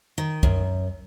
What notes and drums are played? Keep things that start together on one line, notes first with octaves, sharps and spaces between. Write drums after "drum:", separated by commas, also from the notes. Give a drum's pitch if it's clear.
D#3
F#2, drum: kick